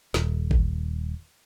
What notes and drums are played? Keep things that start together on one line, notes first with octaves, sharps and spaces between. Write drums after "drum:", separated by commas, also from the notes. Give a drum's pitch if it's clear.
D#1, drum: snare
drum: kick G#1